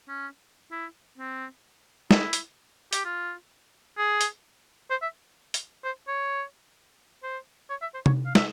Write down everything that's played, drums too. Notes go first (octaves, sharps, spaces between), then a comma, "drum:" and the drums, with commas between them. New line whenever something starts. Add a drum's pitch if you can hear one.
C#4
E4
C4
E4, drum: snare
drum: hi-hat
G4, drum: hi-hat
F4
G#4
drum: hi-hat
C5
E5
drum: hi-hat
C5
C#5
C5
C#5
E5
C5
C#5, drum: tom C3
F5
E5, drum: snare